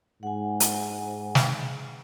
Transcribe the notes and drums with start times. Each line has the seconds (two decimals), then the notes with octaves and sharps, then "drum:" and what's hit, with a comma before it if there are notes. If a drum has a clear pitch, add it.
0.23 G#2 F#5 G#5
0.60 drum: hi-hat
1.35 drum: snare